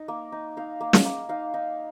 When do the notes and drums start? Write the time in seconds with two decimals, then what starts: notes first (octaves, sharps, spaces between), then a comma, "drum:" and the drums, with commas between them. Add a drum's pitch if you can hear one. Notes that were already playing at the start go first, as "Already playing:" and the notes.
Already playing: D#4
0.08 A#3
0.32 D#4
0.57 D#4 F5
0.81 A#3
0.93 drum: snare
1.05 A#3
1.29 D#4 F5
1.54 D#4